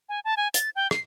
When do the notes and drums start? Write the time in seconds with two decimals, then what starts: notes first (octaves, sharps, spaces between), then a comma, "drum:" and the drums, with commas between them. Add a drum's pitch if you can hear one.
0.09 G#5
0.25 A5
0.37 G#5
0.54 A6, drum: hi-hat
0.76 G5
0.91 C7, drum: rim click